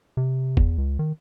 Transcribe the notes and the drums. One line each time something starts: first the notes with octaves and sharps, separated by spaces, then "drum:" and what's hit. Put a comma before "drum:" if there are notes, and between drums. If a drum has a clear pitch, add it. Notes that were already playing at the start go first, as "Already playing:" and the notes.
C3
E2, drum: kick
C#2
D#3